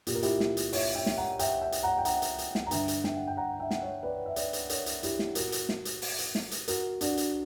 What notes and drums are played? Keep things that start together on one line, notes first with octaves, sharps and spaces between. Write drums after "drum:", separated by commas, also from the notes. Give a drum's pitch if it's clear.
A#2 G4, drum: hi-hat
A#4
E4 G4, drum: hi-hat
drum: snare
drum: hi-hat
C#5 E5, drum: open hi-hat
E5 G5
drum: snare
F#5 A#5
E5 G5, drum: hi-hat
E5 G5
drum: hi-hat
F#5 A#5
G5
F#5 A#5, drum: hi-hat
drum: hi-hat
drum: hi-hat
drum: snare
A#5
G2 D3 E5 G5, drum: hi-hat
drum: hi-hat
E5 G5, drum: snare
F#5
G5
F#5 A#5
E5 G5
drum: snare
C#5 E5
B4 D5
E5
B4 D5, drum: hi-hat
drum: hi-hat
A#4 C#5, drum: hi-hat
drum: hi-hat
E4 G4, drum: hi-hat
drum: snare
A#2 F#4 A#4, drum: hi-hat
drum: hi-hat
drum: snare
drum: hi-hat
drum: open hi-hat
drum: hi-hat
drum: snare
drum: hi-hat
F#4 A#4, drum: hi-hat
D4 F#4, drum: hi-hat
drum: hi-hat